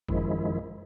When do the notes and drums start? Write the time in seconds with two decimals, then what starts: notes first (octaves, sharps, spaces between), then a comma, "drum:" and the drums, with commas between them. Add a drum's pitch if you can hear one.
0.09 F#2 D#3 F3 G#3 E4, drum: kick G1